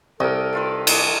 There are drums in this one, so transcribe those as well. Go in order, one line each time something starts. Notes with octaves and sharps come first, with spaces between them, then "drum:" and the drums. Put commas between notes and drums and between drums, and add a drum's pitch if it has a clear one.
C2 A4 A#4 D#5
D#3 F4 B4
D4 G#4 C#5, drum: cymbal